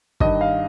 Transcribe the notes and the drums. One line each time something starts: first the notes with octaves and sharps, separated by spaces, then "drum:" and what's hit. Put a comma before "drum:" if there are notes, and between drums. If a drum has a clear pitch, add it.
G2 D#3 D#5, drum: kick
F5